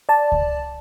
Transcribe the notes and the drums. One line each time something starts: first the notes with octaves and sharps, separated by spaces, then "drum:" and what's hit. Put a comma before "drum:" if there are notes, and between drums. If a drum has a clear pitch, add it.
D5 A5
drum: kick C#2